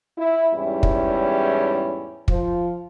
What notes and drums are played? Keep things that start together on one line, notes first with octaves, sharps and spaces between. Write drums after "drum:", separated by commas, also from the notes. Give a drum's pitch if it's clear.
E4
E2 G#2 G3 C#4 E4
drum: kick
F3, drum: kick